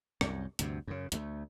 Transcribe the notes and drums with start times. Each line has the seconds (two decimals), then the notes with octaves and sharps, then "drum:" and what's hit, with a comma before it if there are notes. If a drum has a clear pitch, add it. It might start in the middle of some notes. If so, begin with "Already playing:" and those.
0.21 C2 F#2, drum: rim click
0.59 D2 G2 C3, drum: hi-hat
0.87 F#2 C#3
1.12 D2 F#3 A3, drum: hi-hat